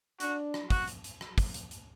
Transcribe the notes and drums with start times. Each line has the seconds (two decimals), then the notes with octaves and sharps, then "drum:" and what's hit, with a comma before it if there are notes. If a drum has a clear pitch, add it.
0.20 D4 F#4, drum: hi-hat
0.54 drum: rim click
0.70 F#4, drum: kick, open hi-hat
0.88 drum: hi-hat
1.04 drum: hi-hat
1.21 drum: rim click
1.38 drum: kick, open hi-hat
1.54 drum: hi-hat
1.71 drum: hi-hat